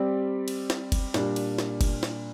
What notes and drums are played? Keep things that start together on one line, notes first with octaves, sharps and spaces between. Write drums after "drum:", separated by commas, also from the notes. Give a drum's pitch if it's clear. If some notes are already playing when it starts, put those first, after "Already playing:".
Already playing: G3 C4 G4 D5
drum: cymbal
drum: snare
drum: kick F#1, cymbal
A#2 G3 D4, drum: snare
drum: cymbal
drum: snare
drum: kick F#1, cymbal
drum: snare